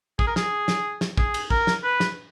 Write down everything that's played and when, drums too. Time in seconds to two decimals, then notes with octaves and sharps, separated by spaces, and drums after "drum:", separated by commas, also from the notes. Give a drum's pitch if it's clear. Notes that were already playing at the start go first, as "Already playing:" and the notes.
0.19 G#4, drum: kick
0.27 A#4
0.36 G#4, drum: snare
0.68 drum: snare
1.01 drum: snare
1.17 G#4, drum: kick
1.34 drum: cymbal
1.50 A#4, drum: kick
1.67 drum: snare
1.83 B4
2.00 drum: snare